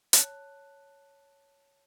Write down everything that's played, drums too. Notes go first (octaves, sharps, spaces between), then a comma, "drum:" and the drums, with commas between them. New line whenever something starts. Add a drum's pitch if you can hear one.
C#5 A5 F#6, drum: hi-hat